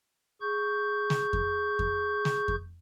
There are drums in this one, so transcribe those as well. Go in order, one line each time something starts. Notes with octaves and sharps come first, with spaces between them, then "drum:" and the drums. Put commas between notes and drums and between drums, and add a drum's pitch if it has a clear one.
G#4 C#6 G6
drum: snare
drum: kick F2
drum: kick F2
drum: snare
drum: kick F2